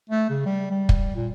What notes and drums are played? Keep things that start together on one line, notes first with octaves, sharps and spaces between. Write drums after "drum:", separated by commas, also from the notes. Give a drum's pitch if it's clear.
A3
C#3
G3
G3
drum: kick
A#2